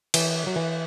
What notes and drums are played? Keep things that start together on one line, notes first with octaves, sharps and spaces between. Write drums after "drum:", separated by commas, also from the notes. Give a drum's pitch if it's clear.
E3, drum: cymbal
F#3
E3